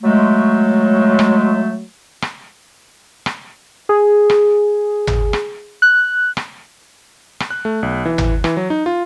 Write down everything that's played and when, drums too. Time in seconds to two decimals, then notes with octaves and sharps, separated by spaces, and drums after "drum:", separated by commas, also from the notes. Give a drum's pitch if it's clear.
0.03 F#3 G#3 A3
1.19 drum: rim click
2.22 drum: rim click
3.26 drum: rim click
3.89 G#4
4.30 drum: rim click
5.07 drum: tom G#1
5.33 drum: rim click
5.82 F#6
6.37 drum: rim click
7.40 drum: rim click
7.50 F#6
7.65 A3
7.83 B1
8.05 E3
8.18 drum: tom G#1
8.44 E3, drum: rim click
8.57 F#3
8.70 D#4
8.86 F4